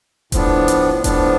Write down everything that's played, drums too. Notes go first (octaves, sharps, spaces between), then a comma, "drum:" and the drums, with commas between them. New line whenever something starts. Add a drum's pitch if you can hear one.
A2 F3 B3 D4, drum: kick D#1, hi-hat
drum: hi-hat
A2 F3 B3 D4, drum: kick D#1, hi-hat